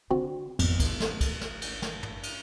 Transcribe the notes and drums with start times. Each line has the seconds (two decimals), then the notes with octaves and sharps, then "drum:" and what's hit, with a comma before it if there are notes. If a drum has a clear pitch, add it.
0.11 D3 C4 F#4
0.59 G#1 F2 B3, drum: cymbal
0.80 drum: kick, cymbal
1.00 drum: snare
1.21 drum: kick, cymbal
1.41 drum: snare
1.62 drum: cymbal
1.82 drum: snare
2.03 drum: tom
2.23 drum: cymbal